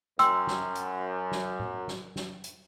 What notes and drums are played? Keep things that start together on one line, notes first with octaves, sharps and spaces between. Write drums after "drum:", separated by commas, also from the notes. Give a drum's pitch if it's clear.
F#2 G5 C6 E6, drum: hi-hat
drum: snare
drum: hi-hat
drum: snare
drum: tom A2
drum: snare
drum: snare
drum: hi-hat